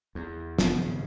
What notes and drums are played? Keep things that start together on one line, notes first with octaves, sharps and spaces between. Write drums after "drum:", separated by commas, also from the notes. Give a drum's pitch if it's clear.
E2
F1 B3, drum: snare
G#1 G2 C#3